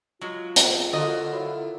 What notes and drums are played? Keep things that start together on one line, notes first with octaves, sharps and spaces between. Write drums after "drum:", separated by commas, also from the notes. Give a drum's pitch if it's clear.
F#3 G#3 F4
drum: hi-hat
D3 F3 F#4 A#4 D#5
F#3 E4 F4